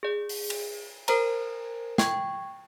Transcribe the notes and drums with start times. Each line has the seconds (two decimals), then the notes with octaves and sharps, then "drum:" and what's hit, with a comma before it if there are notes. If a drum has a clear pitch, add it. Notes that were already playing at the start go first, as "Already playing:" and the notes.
0.03 G#4 D5
0.29 drum: open hi-hat
0.50 drum: cymbal
1.08 A#4 C5 A#5, drum: cymbal
1.98 G5 C#6 G#6, drum: snare